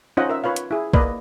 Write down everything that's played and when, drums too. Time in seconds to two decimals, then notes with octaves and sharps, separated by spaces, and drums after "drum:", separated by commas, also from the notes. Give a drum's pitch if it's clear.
0.17 C#4 D#4 F4 C5 D#5 F#5
0.29 A#4 E5
0.44 F4 B4 C#5 F5
0.56 drum: hi-hat
0.71 E4 G#4
0.93 A#3 B4 D5 D#5, drum: kick